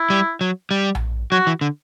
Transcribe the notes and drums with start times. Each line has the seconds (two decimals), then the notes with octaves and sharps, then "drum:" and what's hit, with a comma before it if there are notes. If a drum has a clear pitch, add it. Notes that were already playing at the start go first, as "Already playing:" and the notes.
Already playing: E4
0.10 G3
0.41 F#3
0.71 G3
0.95 drum: tom A#1
1.31 F#3 F#4
1.47 E3
1.61 D3